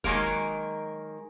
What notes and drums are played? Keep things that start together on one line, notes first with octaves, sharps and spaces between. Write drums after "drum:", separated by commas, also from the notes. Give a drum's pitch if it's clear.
D#3 F#3 G#3 A#3 A#4, drum: kick